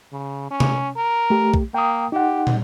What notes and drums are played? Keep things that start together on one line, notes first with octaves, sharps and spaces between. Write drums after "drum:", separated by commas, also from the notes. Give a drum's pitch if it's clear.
C#3
C#4
drum: tom C3
A#4
A3 G4
drum: kick B1
A#3 G5 D#6
D#4 G4 F#5
drum: tom